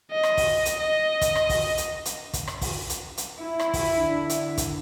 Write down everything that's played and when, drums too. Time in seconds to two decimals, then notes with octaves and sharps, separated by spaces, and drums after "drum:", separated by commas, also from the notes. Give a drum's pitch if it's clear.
0.11 D#5
0.23 drum: rim click
0.37 drum: kick, open hi-hat
0.65 drum: hi-hat
0.79 D#5
1.21 drum: kick, hi-hat
1.35 drum: rim click
1.49 drum: kick, open hi-hat
1.77 drum: hi-hat
2.05 drum: hi-hat
2.33 drum: kick, hi-hat
2.47 drum: rim click
2.61 drum: kick, open hi-hat
2.89 drum: hi-hat
3.17 drum: hi-hat
3.40 E4
3.59 drum: rim click
3.73 drum: kick, open hi-hat
3.98 D3 D4
4.30 drum: hi-hat
4.58 drum: kick, hi-hat